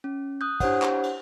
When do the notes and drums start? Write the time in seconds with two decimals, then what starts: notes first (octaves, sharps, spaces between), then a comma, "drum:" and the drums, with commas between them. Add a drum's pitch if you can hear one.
0.04 C#4
0.41 D#6 F#6 G6
0.60 D4 E4 G4 C5 C#5 F#5, drum: kick, cymbal
0.82 drum: clap
1.03 drum: cymbal